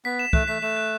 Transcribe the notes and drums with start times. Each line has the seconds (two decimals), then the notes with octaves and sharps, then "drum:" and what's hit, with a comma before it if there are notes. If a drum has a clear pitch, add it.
0.05 B3 B6
0.19 E7
0.33 A3 F#6, drum: kick
0.48 A3 B6
0.62 A3 E7
0.77 F#6